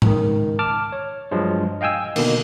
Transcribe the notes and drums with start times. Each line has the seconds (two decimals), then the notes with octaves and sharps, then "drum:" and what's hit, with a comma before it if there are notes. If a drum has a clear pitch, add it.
0.02 C#2 D#3, drum: tom G#2
0.59 A5 D6 F6
0.92 C#5
1.31 G2 F3 F#3 G#3
1.81 D#5 F5 G5 G#5 E6
2.16 B2 D3 D#3 A#3, drum: cymbal